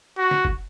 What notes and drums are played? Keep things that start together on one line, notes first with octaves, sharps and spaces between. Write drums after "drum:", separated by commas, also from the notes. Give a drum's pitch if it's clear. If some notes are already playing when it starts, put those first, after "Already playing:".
F#4
drum: snare
drum: kick